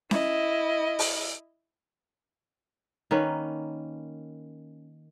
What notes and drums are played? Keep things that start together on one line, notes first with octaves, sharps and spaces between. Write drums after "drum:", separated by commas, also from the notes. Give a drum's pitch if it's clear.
E4 D#5, drum: snare C#4
drum: open hi-hat
D#3 A#3 C#4 B4